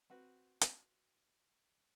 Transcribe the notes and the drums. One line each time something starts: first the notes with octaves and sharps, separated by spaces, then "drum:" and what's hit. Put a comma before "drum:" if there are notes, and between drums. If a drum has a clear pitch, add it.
C4 F#4 B4
drum: hi-hat